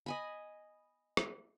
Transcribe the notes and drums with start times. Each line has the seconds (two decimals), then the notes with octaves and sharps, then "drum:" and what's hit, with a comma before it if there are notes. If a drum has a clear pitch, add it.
0.06 D#5 G#5 B5
1.17 drum: rim click